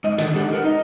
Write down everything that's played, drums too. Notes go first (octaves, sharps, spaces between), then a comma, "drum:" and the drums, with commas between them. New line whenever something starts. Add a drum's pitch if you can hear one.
G#2 D#5
D3 D#3 A4, drum: hi-hat
G#3 D4 D#4 G4 F#5
D#4 A#4 B4 F#5
D#4 D#5